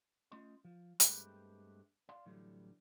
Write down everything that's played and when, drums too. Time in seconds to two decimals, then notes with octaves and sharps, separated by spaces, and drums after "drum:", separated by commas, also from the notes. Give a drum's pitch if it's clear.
0.32 A3 C#4 F4 D#5 C6
0.65 F3
1.00 G2 G#3 A3 C4 G4 B4, drum: hi-hat
2.09 D5 F5 C6
2.26 A2 D3 E3 F#3 G3